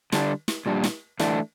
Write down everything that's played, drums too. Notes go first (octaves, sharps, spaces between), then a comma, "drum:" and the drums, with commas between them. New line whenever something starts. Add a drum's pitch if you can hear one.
D3 G3 D4, drum: snare
drum: snare
A#2 G3 D4
drum: snare
E3 A3 D4, drum: snare